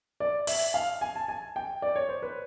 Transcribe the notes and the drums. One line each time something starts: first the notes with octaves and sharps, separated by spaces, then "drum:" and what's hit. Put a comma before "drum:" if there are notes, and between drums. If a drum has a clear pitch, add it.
D5
E5, drum: open hi-hat
F5
G#5
A5
G#5
G5
D5
C#5
C5
B4